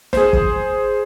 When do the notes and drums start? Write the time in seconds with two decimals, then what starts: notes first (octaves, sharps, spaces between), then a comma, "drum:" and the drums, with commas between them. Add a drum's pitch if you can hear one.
0.13 G#4 C5, drum: snare
0.33 drum: kick